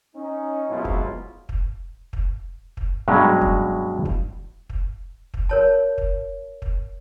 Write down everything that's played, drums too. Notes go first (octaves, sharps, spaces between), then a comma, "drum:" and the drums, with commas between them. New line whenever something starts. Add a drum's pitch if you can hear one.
C#4 D#4
C2 G#2 B2 F#3 E4 F4
drum: kick
drum: kick
drum: kick
drum: kick
G2 B2 F#3 G#3 C#4
drum: kick
drum: kick
drum: kick
drum: kick
A#4 C#5 A5
drum: kick
drum: kick